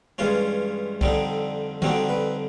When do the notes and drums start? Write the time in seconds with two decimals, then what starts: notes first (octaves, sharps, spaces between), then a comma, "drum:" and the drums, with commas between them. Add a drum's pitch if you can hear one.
0.18 G2 E3 G#3 C#4 F4
1.01 F2 D3 G3 C4 D#4, drum: kick
1.82 F2 D3 G3 C4 D#4 F#4, drum: tom D3
2.09 B4